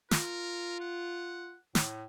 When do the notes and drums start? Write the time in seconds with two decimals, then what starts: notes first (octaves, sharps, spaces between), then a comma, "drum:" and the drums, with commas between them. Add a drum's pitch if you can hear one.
0.11 F4 A#4, drum: snare
0.80 F#5
1.75 A2, drum: snare